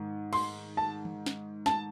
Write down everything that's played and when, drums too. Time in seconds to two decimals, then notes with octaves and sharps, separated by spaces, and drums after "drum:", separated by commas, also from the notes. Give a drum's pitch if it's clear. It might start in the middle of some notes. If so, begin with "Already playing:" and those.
Already playing: G#2 D#3
0.33 C6, drum: cymbal
0.77 A5
1.05 drum: tom
1.26 drum: snare
1.66 A5, drum: snare